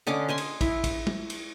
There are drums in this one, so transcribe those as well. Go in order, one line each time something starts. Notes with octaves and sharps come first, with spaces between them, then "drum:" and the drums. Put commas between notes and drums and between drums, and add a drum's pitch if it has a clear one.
D3 C#4 D#5 D6
D#5 G#5 C6
drum: cymbal
E4, drum: kick, cymbal
drum: kick, cymbal
drum: tom
drum: cymbal